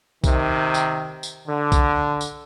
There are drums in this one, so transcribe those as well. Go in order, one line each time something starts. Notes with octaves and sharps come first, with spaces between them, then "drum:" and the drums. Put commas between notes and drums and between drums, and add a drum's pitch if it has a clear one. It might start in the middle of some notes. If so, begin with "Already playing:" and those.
C3 D#3, drum: kick, tambourine
drum: tambourine
drum: tambourine
D3
drum: kick, tambourine
drum: tambourine